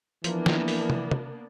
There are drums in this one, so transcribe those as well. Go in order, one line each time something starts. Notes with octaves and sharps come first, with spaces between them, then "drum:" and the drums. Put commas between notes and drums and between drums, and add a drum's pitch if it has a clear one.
E3 F3 A#3 B3 D4, drum: hi-hat
drum: snare
drum: open hi-hat
drum: tom
drum: tom